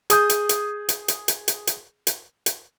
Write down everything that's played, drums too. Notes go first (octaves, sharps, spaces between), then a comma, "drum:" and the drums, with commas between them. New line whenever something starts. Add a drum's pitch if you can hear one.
G#4 D#6 G6, drum: hi-hat
drum: hi-hat
drum: hi-hat
drum: hi-hat
drum: hi-hat
drum: hi-hat
drum: hi-hat
drum: hi-hat
drum: hi-hat
drum: hi-hat